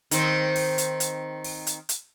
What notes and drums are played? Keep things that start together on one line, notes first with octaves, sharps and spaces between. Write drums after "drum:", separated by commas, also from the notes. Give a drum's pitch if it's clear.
D#3 C4, drum: hi-hat
drum: open hi-hat
drum: hi-hat
drum: hi-hat
drum: open hi-hat
drum: hi-hat
drum: hi-hat